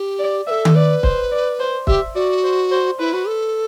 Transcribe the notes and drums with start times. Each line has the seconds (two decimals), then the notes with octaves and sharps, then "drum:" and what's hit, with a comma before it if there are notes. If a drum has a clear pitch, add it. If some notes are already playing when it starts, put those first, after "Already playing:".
Already playing: G4
0.19 D5
0.47 B4 E5
0.51 A4
0.65 drum: tom D#3
0.75 B4 D5
1.03 C5, drum: kick
1.31 D5
1.59 C5
1.87 G4 E5, drum: kick
2.15 F#4 D5
2.43 C5
2.71 C5
2.99 E4 B4
3.13 F#4
3.28 A4